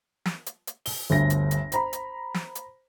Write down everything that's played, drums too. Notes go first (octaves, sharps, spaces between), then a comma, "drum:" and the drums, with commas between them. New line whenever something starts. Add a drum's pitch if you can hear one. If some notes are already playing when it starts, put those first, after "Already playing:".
drum: snare
drum: hi-hat
drum: hi-hat
G7, drum: open hi-hat
G1 D2 A#6
drum: hi-hat
drum: hi-hat
C5 A#5 B5, drum: hi-hat
drum: hi-hat
drum: snare
drum: hi-hat